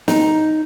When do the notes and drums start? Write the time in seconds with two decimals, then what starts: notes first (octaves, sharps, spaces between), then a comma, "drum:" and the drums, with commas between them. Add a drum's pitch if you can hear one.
0.08 D#4, drum: snare